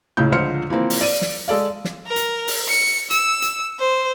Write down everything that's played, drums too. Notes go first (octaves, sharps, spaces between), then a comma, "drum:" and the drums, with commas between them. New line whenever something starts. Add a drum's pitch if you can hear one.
C#2 A2 C#3 G6
C#2 D3 F3 C5 F6 C#7
E3 F3 A#3 C4
drum: open hi-hat
D5 D#7
drum: snare
G#3 A4 D5 F5
drum: snare
A#4
drum: hi-hat
drum: open hi-hat
C#7
E6, drum: hi-hat
drum: hi-hat
C5